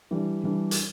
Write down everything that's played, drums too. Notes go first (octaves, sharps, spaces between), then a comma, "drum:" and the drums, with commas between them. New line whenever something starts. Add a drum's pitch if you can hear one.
E3 G3 D4
E3 G3 D4
drum: hi-hat